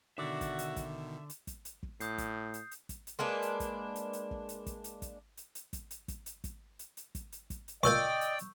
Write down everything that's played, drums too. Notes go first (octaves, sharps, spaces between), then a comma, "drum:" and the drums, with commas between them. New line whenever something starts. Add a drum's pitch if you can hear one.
B2 D3 D#3 D4 F#4 D5 E5
drum: kick, hi-hat
drum: hi-hat
drum: kick, hi-hat
drum: hi-hat
drum: kick, hi-hat
drum: hi-hat
drum: kick
A2 D#6 G6 C7, drum: hi-hat
drum: kick, hi-hat
drum: hi-hat
drum: hi-hat
drum: kick, hi-hat
drum: hi-hat
G#3 A#3 D4 B4
drum: hi-hat
drum: kick, hi-hat
drum: hi-hat
drum: hi-hat
drum: kick
drum: hi-hat
drum: kick, hi-hat
drum: hi-hat
drum: kick, hi-hat
drum: hi-hat
drum: hi-hat
drum: kick, hi-hat
drum: hi-hat
drum: kick, hi-hat
drum: hi-hat
drum: kick, hi-hat
drum: hi-hat
drum: hi-hat
drum: kick, hi-hat
drum: hi-hat
drum: kick, hi-hat
drum: hi-hat
C#2 A#2 D5 D#5 G5 C#6 E6 G6, drum: kick, hi-hat
drum: hi-hat
drum: hi-hat